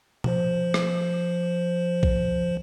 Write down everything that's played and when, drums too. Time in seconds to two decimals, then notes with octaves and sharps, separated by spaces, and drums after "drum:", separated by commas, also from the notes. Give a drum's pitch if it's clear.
0.24 F3 C5, drum: tom B2
0.74 drum: rim click
2.03 drum: kick A#1